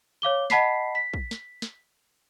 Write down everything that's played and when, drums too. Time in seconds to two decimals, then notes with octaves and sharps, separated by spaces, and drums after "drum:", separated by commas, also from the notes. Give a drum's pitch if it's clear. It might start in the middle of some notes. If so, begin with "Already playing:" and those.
0.22 C#5 F5 D6 G7
0.50 D#5 F#5 A5 B5 B6 C7, drum: snare
0.95 B6
1.14 drum: kick
1.31 drum: snare
1.62 drum: snare